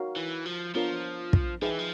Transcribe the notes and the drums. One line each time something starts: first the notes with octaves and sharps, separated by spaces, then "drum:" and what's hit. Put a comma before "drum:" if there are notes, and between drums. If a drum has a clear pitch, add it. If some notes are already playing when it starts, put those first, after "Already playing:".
Already playing: D#4 F#4 A#4 C#5 F5
E3
F3
F3 B3 D4 F4 A#4 C#5
drum: kick
F3 D#4 G#4 B4 E5 G5
E3
F3